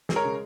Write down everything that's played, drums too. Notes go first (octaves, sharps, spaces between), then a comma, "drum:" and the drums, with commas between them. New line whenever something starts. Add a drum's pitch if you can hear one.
G#3, drum: snare
A#4 C#5
C#3